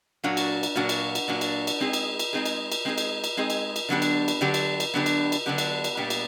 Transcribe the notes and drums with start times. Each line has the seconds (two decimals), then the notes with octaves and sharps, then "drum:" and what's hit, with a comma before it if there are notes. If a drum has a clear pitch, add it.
0.24 A#2 F#3 A#3 D4 F#4
0.37 drum: cymbal
0.63 drum: cymbal
0.76 A#2 F#3 A#3 D4 F#4
0.89 drum: cymbal
1.15 drum: cymbal
1.28 A#2 F#3 A#3 D4 F#4
1.41 drum: cymbal
1.67 drum: cymbal
1.80 G#3 C4 D#4 G#4
1.93 drum: cymbal
2.19 drum: cymbal
2.33 G#3 C4 D#4 G#4
2.46 drum: cymbal
2.72 drum: cymbal
2.85 G#3 C4 D#4 G#4
2.98 drum: cymbal
3.24 drum: cymbal
3.37 G#3 C4 D#4 G#4
3.50 drum: cymbal
3.76 drum: cymbal
3.89 D3 F#3 B3 D4 G4
4.02 drum: cymbal
4.28 drum: cymbal
4.41 D3 F#3 B3 D4 G4
4.54 drum: cymbal
4.80 drum: cymbal
4.94 D3 F#3 B3 D4 G4
5.06 drum: cymbal
5.32 drum: cymbal
5.46 D3 F#3 B3 D4 G4
5.58 drum: cymbal
5.84 drum: cymbal
5.97 A#2 G3 B3 D4 G4
6.10 drum: cymbal